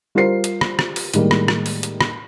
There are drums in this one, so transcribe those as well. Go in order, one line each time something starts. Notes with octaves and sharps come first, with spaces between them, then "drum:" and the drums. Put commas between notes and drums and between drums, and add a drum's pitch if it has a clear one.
G3 F4 A#4 C5 C7
drum: hi-hat
drum: rim click
drum: rim click
drum: open hi-hat
A2 D#3 G3 G#3 A#3, drum: hi-hat
drum: rim click
drum: rim click
drum: open hi-hat
drum: hi-hat
drum: rim click